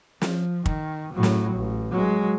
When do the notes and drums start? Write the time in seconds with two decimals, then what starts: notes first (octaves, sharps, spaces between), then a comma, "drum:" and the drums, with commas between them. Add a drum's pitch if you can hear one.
0.22 F3, drum: snare
0.66 D#3, drum: kick
1.13 A2 F#3
1.23 drum: snare
1.56 A1
1.91 F#3 G#3